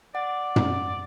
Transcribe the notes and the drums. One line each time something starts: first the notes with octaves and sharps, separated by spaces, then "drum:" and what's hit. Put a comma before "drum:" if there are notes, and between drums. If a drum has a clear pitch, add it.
D5 F#5
drum: tom